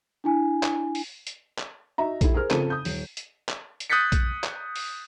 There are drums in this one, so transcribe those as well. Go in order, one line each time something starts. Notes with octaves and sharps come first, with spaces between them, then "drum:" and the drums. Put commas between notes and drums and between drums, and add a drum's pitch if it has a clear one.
D4 E4 G#5
drum: clap
drum: open hi-hat
drum: hi-hat
drum: clap
D#4 F#4 E5 A#5
E4 G4 A4, drum: kick A#1, hi-hat
G#4 A#4 C5 F6
C#3 F3 C4 A4 A5 D#7, drum: clap
D#6 G6
D#1, drum: open hi-hat
drum: hi-hat
drum: clap
drum: hi-hat
D#6 F#6 G6 A6 B6 C#7
drum: kick A#1, hi-hat
drum: clap
drum: open hi-hat